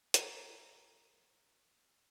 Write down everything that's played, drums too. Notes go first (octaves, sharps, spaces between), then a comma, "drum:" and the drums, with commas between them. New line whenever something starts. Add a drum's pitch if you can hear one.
A#4 C5 A5, drum: hi-hat